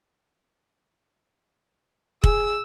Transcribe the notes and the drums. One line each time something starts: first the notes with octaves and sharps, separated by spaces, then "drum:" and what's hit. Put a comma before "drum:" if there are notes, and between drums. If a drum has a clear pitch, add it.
G#4 E6, drum: kick